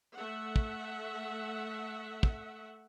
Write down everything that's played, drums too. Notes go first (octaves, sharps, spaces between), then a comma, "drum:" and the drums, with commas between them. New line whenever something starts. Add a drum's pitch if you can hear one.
A3 E5 F#5
drum: kick
drum: kick